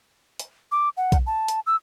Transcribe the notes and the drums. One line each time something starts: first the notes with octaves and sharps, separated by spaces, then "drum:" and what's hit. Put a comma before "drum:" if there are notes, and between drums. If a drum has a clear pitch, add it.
drum: hi-hat
D6
F#5
drum: kick B1, hi-hat
A5
drum: hi-hat
E6